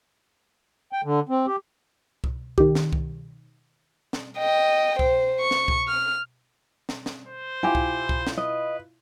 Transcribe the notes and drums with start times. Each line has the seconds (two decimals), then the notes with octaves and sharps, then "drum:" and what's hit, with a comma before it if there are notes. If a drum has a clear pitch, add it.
0.93 G5
1.04 D3
1.29 C4
1.47 G4
2.24 drum: kick C2
2.58 D#3 G4, drum: kick C2
2.75 drum: snare
2.93 drum: kick C2
4.13 drum: snare
4.38 D#5 G5
4.99 C5, drum: kick C2
5.40 C#6
5.51 drum: snare
5.68 drum: kick C2
5.88 F6
6.89 drum: snare
7.06 drum: snare
7.28 C5
7.63 E4 F4 G4 G#5
7.75 drum: kick C2
8.09 drum: kick C2
8.27 drum: snare
8.37 B4 D#5